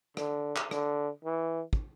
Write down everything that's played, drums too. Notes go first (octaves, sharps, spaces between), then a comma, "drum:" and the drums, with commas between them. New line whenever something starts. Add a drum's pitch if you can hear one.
D3, drum: rim click
drum: clap
D3, drum: rim click
E3
drum: kick